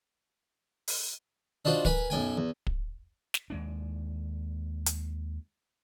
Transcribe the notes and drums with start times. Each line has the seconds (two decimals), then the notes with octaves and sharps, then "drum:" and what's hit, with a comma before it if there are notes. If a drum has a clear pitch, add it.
0.88 drum: open hi-hat
1.65 D4 D#4 F4 F#4 C5
1.85 A#4 B4 G#5 B5, drum: kick
2.10 B1 F#2 G5 G#5
2.37 E2
2.67 drum: kick
3.34 drum: snare
3.50 D#2 G#3 D4
4.86 drum: hi-hat